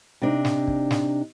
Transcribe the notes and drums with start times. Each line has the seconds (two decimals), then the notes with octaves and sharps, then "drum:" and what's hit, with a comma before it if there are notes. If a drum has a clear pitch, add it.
0.22 C3 D4 D#4
0.45 drum: snare
0.68 drum: kick
0.91 drum: snare